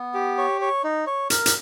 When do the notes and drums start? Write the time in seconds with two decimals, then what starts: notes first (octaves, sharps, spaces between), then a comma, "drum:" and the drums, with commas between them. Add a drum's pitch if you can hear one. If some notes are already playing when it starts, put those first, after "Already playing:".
Already playing: B3
0.14 G4
0.38 C#5
0.61 C#5
0.84 D#4
1.07 C#5
1.30 A#4, drum: hi-hat
1.46 drum: hi-hat